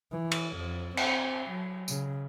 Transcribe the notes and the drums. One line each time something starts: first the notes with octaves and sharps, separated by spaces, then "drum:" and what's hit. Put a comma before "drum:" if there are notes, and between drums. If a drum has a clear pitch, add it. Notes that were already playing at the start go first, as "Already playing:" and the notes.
E3
drum: cymbal
F2
C4, drum: cymbal
F#3
C#3, drum: tambourine